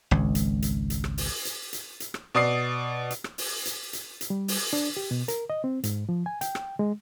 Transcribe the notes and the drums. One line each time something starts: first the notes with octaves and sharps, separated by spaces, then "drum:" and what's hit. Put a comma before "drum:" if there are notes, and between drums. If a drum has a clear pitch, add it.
G#1 C#2
drum: hi-hat
drum: hi-hat
drum: hi-hat
drum: rim click
drum: open hi-hat
drum: hi-hat
drum: hi-hat
drum: hi-hat
drum: rim click
B2 D5 D#6 C7
drum: hi-hat
drum: rim click
drum: open hi-hat
drum: hi-hat
drum: hi-hat
drum: hi-hat
G3
drum: open hi-hat
D4
G4
B2
A#4, drum: hi-hat
D#5
C4
G#2, drum: hi-hat
F3
G#5
G5, drum: hi-hat
drum: rim click
G#3